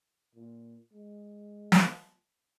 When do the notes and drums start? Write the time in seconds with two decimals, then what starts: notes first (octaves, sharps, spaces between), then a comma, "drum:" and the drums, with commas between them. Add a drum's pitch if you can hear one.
0.35 A#2
0.92 G#3
1.72 drum: snare